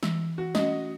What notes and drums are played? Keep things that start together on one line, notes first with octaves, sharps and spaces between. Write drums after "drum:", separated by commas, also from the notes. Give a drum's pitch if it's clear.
E3 E6, drum: snare
F#4
A3 C#4 F#4 D#5, drum: snare